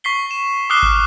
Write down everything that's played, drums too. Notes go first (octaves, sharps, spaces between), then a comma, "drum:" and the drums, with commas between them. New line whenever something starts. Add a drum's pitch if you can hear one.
C#6 B6 C7 G7
E7
D6 D#6 F6 F#6 C7 G7
F6, drum: kick G#1